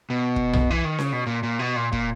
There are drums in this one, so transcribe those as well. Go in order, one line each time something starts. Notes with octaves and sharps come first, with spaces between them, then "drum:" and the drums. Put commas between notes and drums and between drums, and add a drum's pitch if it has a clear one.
B2
drum: kick
drum: tom B1
E3
D#3
C#3, drum: snare C#4
B2
A#2
A#2
B2
A#2
A#2, drum: kick